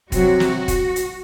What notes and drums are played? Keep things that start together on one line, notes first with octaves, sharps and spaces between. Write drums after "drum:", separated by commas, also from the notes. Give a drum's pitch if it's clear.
C3 F#3 F#4, drum: kick, hi-hat
drum: snare
drum: kick, hi-hat
drum: hi-hat